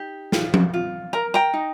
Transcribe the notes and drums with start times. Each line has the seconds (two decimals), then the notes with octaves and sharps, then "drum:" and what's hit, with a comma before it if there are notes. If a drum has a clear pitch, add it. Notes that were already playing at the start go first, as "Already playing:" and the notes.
Already playing: D#4 G4
0.32 F4, drum: snare
0.54 drum: tom F3
0.74 F4
1.13 A#4 A#5
1.34 G5 A#5
1.54 D#4